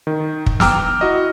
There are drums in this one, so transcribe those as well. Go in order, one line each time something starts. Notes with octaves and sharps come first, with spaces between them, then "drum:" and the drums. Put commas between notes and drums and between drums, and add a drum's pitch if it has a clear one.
D#3
drum: kick
G5 A#5 D6 E6 F6, drum: snare
E4 F#4 D#5